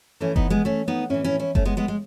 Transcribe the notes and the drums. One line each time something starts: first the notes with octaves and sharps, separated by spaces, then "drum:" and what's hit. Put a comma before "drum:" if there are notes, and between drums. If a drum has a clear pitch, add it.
A2 E3 A3 C#4
B3 D#4, drum: kick F#1
G#3 B3
A3 C#4
B3 D#4
A2 E3 C#4 E4
C#4 E4
C#4 E4
A3 C#4, drum: kick F#1
G#3 B3
G#3 B3
G#3